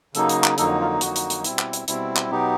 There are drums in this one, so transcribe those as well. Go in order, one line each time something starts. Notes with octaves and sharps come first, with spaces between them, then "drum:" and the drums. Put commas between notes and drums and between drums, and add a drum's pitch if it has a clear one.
C#3 F#3 A#3 D#4 A4, drum: hi-hat
drum: hi-hat
drum: clap
F2 D3 F#3 A#3 D#4 A4, drum: hi-hat
F4
F2 D3 F#3 A#3 D#4 F#4, drum: hi-hat
drum: hi-hat
drum: hi-hat
B2 G3 C4 E4, drum: hi-hat
drum: clap
drum: hi-hat
B2 G3 C4 E4, drum: hi-hat
drum: clap
B2 F#3 B3 D#4 G4